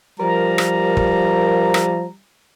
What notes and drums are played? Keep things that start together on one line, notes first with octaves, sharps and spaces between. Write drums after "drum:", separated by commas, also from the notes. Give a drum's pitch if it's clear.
F3 G3 A#4 A#5
drum: rim click
drum: kick
drum: rim click